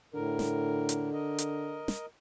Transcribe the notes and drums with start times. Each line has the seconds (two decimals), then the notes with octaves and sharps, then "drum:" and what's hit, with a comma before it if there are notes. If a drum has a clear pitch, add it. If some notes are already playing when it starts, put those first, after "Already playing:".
0.14 A2 D3 A#4
0.39 drum: snare
0.89 drum: hi-hat
1.13 A#4 D#5
1.38 drum: hi-hat
1.88 drum: snare